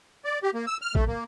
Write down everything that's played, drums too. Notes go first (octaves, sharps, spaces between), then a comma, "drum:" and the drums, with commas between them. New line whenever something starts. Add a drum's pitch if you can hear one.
D5
G4
A#3
E6
F6
A3, drum: kick
A#3